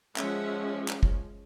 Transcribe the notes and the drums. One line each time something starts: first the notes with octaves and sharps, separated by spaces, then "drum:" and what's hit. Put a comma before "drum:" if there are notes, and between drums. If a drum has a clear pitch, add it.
F3 G#3 C#4 E5 F#5, drum: clap
drum: clap
drum: kick